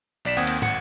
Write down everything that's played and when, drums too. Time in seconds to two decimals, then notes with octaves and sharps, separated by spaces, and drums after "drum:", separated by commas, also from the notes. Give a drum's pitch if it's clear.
0.25 B1 D5 B6 E7
0.37 D#2 C4 F#5 D#6 G#6
0.47 drum: cymbal
0.62 G#1 F#5 C#7, drum: tom